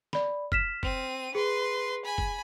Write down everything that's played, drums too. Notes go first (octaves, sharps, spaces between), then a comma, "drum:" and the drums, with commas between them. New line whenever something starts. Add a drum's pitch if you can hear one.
D5 B5, drum: snare
F6 B6 E7, drum: kick
C4 D#7, drum: kick
G#4 B4 C6
G#5 B5
drum: kick